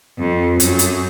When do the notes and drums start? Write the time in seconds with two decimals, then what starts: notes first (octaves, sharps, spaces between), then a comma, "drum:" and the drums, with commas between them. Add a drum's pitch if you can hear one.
0.19 F2
0.60 F#2, drum: hi-hat
0.79 drum: hi-hat